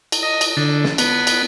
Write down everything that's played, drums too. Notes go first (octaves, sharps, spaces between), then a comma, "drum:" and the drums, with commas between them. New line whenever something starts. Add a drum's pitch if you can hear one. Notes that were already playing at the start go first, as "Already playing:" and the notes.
drum: cymbal
D#5
drum: cymbal
D3
drum: snare
B3, drum: cymbal
drum: cymbal